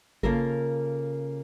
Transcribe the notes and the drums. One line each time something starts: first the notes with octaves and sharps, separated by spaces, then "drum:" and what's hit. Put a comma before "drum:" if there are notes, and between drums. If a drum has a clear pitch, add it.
C#3 A#3 F4 A4 A#4, drum: kick G#1